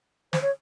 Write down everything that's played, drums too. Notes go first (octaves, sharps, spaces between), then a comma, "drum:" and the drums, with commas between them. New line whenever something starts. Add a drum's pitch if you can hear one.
C5, drum: snare
C#5